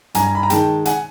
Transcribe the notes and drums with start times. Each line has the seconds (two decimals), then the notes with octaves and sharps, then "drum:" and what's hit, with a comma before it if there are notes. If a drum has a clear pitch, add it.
0.15 G2 G#5 A#5, drum: hi-hat
0.35 B5
0.43 A#5
0.50 D#3 G#3 G5 A5, drum: hi-hat
0.85 F#5 G#5, drum: hi-hat